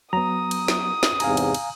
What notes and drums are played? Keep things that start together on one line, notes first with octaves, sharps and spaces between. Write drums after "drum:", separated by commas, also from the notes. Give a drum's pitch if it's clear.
F#3 B3 A#5 D#6
drum: cymbal
drum: snare
drum: snare
E2 G#2 C3 F5 G#5 A#5, drum: cymbal
drum: cymbal
drum: cymbal